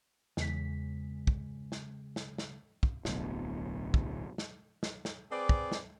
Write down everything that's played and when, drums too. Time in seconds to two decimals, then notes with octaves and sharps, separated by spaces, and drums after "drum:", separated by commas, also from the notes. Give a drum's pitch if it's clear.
0.37 E2 C#3 G#3 B6, drum: snare
1.27 drum: kick
1.72 drum: snare
2.16 drum: snare
2.38 drum: snare
2.83 drum: kick
3.05 D1 B1 B2, drum: snare
3.94 drum: kick
4.38 drum: snare
4.83 drum: snare
5.05 drum: snare
5.31 C4 G#4 B4 D5
5.49 drum: kick
5.72 drum: snare